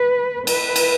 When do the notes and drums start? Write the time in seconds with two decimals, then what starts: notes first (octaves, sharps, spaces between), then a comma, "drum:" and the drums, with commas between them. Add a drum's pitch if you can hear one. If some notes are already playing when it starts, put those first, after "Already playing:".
Already playing: B4
0.47 B4, drum: cymbal
0.76 drum: cymbal